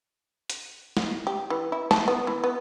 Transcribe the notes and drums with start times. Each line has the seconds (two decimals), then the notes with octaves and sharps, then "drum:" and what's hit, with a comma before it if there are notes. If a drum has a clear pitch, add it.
0.50 drum: hi-hat
0.97 drum: snare
1.27 G4
1.50 E3
1.72 E4
1.91 A5, drum: snare
2.08 B3
2.27 E3
2.44 B3